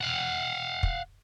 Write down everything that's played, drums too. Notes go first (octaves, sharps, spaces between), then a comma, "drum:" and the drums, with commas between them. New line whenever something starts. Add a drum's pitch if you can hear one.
F5 F#5
drum: kick